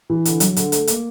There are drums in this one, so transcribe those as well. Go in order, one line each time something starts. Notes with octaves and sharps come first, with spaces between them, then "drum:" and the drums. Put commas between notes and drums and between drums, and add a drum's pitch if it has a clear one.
E3
D3, drum: hi-hat
F#3, drum: hi-hat
D3, drum: hi-hat
A3, drum: hi-hat
A#3, drum: hi-hat